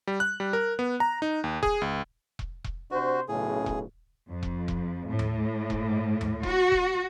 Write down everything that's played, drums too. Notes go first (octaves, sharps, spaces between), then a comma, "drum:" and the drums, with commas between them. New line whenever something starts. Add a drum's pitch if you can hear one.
G3
F#6
G3
A#4
B3
A#5
D#4
D#2
G#4, drum: kick E1
C#2
drum: kick E1
drum: kick E1
C3 D4 F#4 C5
B1 A2 C#3 G#4
drum: kick E1
F2
drum: kick E1
drum: kick E1
A2
drum: tom D#2
drum: kick E1
drum: tom D#2
F#4, drum: kick E1
drum: kick E1